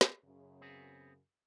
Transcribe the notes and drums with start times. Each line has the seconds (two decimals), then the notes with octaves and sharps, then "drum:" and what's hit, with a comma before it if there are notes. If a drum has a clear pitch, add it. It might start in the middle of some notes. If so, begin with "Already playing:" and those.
0.01 drum: snare
0.24 F#2 C#3
0.61 B3 C4 G#4